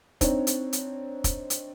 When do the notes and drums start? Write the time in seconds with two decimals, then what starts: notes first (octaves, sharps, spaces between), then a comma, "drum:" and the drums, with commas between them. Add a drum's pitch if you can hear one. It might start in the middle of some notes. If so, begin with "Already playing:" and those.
0.21 C4 D4 D#4 C#5, drum: kick, hi-hat
0.47 drum: hi-hat
0.73 drum: hi-hat
1.24 drum: kick, hi-hat
1.50 drum: hi-hat